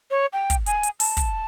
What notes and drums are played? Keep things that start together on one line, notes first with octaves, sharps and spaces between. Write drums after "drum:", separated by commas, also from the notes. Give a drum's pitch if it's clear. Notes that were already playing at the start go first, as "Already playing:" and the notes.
C#5
G5
drum: kick, hi-hat
G#5, drum: hi-hat
drum: hi-hat
A5, drum: open hi-hat
drum: kick, hi-hat